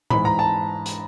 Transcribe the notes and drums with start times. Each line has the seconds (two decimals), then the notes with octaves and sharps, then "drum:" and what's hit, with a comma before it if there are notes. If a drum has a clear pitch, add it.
0.10 G#2 E3 B5, drum: tom A2
0.25 A#5
0.39 A5
0.86 drum: hi-hat